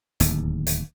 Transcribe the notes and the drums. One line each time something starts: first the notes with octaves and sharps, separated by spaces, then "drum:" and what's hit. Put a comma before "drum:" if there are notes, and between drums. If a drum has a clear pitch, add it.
D1 D#2, drum: hi-hat
drum: hi-hat